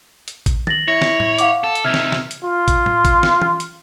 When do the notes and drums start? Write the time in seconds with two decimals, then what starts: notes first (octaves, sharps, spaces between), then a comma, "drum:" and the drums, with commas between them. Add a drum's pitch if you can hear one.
0.28 drum: hi-hat
0.46 drum: kick A1, hi-hat
0.67 A6 A#6 F#7, drum: tom D#3
0.88 E4 C#5 A#6
1.02 drum: snare
1.20 drum: tom A2
1.38 F5 F#5 D6, drum: hi-hat
1.64 A4
1.75 drum: hi-hat
1.84 C3 D#4 E5 F6 G#6
1.94 drum: snare
2.12 drum: snare
2.31 drum: hi-hat
2.45 F4
2.68 drum: kick A1, hi-hat
2.86 drum: tom A2
3.05 drum: kick A1, hi-hat
3.23 drum: snare
3.42 drum: tom E3
3.60 drum: hi-hat